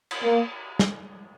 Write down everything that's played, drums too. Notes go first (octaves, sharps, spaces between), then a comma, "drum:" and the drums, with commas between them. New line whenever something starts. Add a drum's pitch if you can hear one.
drum: cymbal
A#3
drum: snare